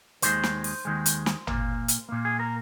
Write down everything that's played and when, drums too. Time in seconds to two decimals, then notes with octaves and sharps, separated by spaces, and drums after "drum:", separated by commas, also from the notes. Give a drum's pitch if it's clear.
0.22 D#2 D#3 G#3 C5, drum: hi-hat
0.43 drum: snare
0.64 drum: open hi-hat
0.85 D#2 D#3 G#3
1.06 drum: hi-hat
1.26 drum: snare
1.47 A#2 A#3, drum: tom
1.88 drum: hi-hat
2.09 A#2 A#3
2.25 G#4
2.40 A#4